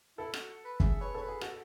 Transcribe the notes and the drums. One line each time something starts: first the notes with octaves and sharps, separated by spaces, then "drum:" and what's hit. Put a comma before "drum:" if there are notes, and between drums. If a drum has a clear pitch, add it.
E4 A4
F#4, drum: rim click
B4
G#4 E5, drum: kick
B4 C#5
A4 C#5
B4
G#4
F#4 A4, drum: rim click